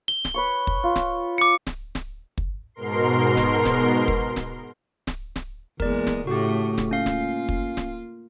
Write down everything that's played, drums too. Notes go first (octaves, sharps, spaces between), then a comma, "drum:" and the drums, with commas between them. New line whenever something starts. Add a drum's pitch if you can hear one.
G7
drum: snare D1
B4 C#5 C#6
drum: kick
F4
drum: snare D1
D6 C#7
drum: snare D1
drum: snare D1
drum: kick
G#2 B2 A#4 C6 C7
drum: snare D1
drum: snare D1
drum: kick
drum: snare D1
drum: snare D1
drum: snare D1
E2 G#3 A#3 A#4 D5, drum: kick
drum: snare D1
A2 C#3 A3 F#4 G4
drum: snare D1
A#3 C#4 F4 F5
drum: snare D1
drum: kick
drum: snare D1